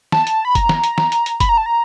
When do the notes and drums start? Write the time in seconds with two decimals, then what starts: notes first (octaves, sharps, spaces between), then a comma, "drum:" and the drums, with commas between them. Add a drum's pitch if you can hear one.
0.12 A5, drum: snare
0.27 drum: hi-hat
0.45 B5
0.55 A#5, drum: kick F#1, hi-hat
0.69 drum: snare
0.84 drum: hi-hat
0.98 drum: snare
1.12 drum: hi-hat
1.26 drum: hi-hat
1.40 B5, drum: kick F#1, hi-hat
1.49 A#5
1.58 A5
1.66 A#5